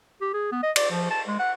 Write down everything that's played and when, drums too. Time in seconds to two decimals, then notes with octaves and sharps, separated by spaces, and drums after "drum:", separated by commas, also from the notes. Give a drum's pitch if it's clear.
0.21 G4
0.33 G#4
0.51 B3
0.63 D#5
0.76 D5, drum: cymbal
0.91 F3
1.10 A5
1.27 G#3
1.39 F#5